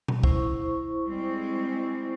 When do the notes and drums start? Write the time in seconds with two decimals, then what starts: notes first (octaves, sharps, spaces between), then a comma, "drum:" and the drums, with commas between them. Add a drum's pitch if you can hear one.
0.08 drum: tom B2
0.23 E4 C5 C#6, drum: kick
1.05 G3 G#3 C4